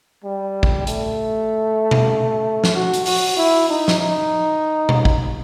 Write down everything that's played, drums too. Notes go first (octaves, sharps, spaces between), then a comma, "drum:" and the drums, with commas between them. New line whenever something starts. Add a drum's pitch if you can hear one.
G3
drum: kick
A3, drum: hi-hat
drum: tom B2
drum: snare
F#4
drum: hi-hat
F#4, drum: open hi-hat
E4
D#4
drum: snare
D#4
drum: tom B2
drum: kick